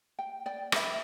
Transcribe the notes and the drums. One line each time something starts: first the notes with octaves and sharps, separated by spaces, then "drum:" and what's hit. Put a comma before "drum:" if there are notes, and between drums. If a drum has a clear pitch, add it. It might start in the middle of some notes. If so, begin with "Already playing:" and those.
G5
D5 G5
B4 E5, drum: rim click